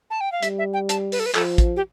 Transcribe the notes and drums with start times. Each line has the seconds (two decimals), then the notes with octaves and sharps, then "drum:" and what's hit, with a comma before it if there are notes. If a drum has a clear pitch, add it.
0.10 A5
0.21 G5
0.32 F5
0.43 G3 E5, drum: hi-hat
0.58 E5
0.74 G5
0.89 A5, drum: hi-hat
1.12 B4, drum: open hi-hat
1.20 A4
1.26 B4
1.35 F3 A4, drum: clap
1.58 drum: kick, hi-hat
1.76 G4